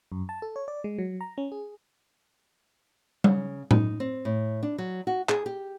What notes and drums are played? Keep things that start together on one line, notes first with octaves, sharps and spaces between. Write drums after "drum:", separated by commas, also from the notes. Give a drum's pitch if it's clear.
F#2
A5
A4
C#5
D5
G#3
F#3
A#5
C#4
G#4
C#3, drum: tom G3
D#4, drum: tom A2
C4
A2
D4
F#3
F#4
G#4, drum: clap
G4